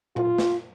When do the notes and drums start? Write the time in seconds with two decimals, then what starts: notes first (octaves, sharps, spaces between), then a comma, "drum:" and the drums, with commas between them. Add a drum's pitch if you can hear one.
0.16 F4, drum: tom A#2
0.38 drum: snare